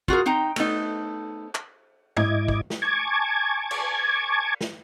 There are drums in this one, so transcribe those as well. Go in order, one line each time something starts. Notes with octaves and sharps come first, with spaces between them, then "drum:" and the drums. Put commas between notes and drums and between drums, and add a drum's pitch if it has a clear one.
F4 F#4 G#4 A#4, drum: kick
C4 D#4 G5 A#5
A3 B3 D#4, drum: cymbal
drum: clap
G#2 E4 D#5 D6 G#6, drum: tom
drum: kick
drum: snare
G#5 A5 C#6 D6 G#6
drum: cymbal
drum: snare